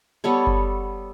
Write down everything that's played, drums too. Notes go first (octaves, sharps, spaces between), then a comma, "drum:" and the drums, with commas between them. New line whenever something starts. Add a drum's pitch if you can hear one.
G3 B3 A4 C#5
drum: kick F#1